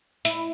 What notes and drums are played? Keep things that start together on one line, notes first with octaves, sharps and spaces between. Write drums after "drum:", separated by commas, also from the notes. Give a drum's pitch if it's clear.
E4, drum: hi-hat